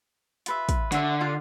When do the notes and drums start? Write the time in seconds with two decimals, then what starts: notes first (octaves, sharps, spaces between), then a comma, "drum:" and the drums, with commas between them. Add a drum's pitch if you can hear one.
0.46 F4 B4 E5, drum: hi-hat
0.69 drum: kick, hi-hat
0.92 D3 F#4 E5, drum: hi-hat
1.21 F4 F5